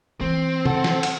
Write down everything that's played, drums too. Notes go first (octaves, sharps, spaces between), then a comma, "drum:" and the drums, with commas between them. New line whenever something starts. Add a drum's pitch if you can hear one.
E3 C4
A4 F#5, drum: tom
drum: snare
drum: cymbal